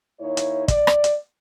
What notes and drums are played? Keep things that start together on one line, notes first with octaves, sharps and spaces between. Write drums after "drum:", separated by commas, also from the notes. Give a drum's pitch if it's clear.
D#2 D#4 E4 C#5
drum: hi-hat
D5, drum: kick, hi-hat
drum: rim click
drum: hi-hat